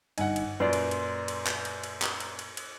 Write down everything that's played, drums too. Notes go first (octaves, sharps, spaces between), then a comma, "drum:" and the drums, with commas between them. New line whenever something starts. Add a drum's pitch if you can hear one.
G1 G2 D#4 F#5 G#5, drum: cymbal
drum: cymbal
F#2 A#2 B4 D5 C6 G6
drum: cymbal
drum: cymbal
drum: cymbal
drum: clap
drum: cymbal
drum: cymbal
drum: clap
drum: cymbal
drum: cymbal
drum: cymbal